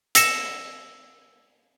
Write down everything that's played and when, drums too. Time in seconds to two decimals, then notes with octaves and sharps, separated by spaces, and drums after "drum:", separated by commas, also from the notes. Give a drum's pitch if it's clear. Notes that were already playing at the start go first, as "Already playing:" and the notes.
0.15 E6 A#6 C#7 E7, drum: hi-hat